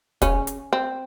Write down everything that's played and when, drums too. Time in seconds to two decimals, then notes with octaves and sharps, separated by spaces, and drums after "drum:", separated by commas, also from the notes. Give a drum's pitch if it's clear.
0.22 C#3 C#4, drum: kick, hi-hat
0.47 drum: hi-hat
0.73 C4